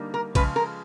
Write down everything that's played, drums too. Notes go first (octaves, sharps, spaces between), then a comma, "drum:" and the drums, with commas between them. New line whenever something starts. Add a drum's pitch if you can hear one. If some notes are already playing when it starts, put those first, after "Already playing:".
Already playing: D3 G3 A#3 D#4
A#4
C#3 F3 G#3 B4, drum: kick B1, cymbal
A#4